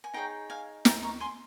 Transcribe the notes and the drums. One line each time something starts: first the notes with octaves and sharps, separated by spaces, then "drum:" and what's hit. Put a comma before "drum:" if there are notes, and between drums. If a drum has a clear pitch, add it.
G#5
D#4 G#4 C#5 G5 A#5
F5 G#5
G5 A#5, drum: snare
A#5 C#6
G#5 C6